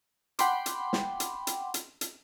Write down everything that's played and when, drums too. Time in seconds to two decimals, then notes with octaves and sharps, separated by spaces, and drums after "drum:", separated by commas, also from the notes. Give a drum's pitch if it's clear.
0.39 F#5 G5 B5 C6 D6, drum: hi-hat
0.66 drum: hi-hat
0.93 drum: snare
1.20 drum: hi-hat
1.47 drum: hi-hat
1.74 drum: hi-hat
2.01 drum: hi-hat